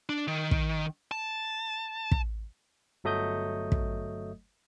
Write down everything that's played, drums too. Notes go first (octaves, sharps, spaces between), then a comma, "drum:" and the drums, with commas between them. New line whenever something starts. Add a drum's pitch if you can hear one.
D4
D#3
drum: kick
A5
drum: kick
G1 F#3 A3 D#5 D#6 G6
drum: kick